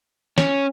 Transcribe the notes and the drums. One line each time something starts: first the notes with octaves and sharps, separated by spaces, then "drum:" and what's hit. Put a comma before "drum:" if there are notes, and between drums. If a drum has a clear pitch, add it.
C#4, drum: snare